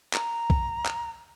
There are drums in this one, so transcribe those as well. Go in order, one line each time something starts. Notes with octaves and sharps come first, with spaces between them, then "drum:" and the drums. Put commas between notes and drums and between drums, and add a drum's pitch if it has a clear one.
A#5, drum: clap
drum: kick B1
drum: clap